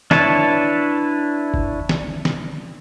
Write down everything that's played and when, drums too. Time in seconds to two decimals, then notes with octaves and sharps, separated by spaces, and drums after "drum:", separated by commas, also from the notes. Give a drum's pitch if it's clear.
0.11 D4 E4 B4 C#5 A5, drum: snare
1.54 drum: kick G1
1.89 drum: snare
2.25 drum: snare